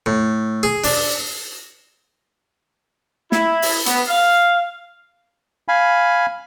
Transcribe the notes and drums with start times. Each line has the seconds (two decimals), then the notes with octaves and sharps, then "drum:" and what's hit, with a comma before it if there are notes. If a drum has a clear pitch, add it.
0.06 A2
0.63 G#4
0.84 D4, drum: open hi-hat
3.32 E4, drum: snare
3.62 drum: open hi-hat
3.86 B3, drum: hi-hat
4.08 F5
5.68 F5 G#5 B5